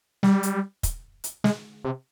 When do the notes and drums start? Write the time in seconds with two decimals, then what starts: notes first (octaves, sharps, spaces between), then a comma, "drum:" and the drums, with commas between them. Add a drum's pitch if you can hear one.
0.23 G3, drum: snare
0.43 drum: hi-hat
0.83 drum: kick, hi-hat
1.24 drum: hi-hat
1.44 G#3, drum: snare
1.84 C3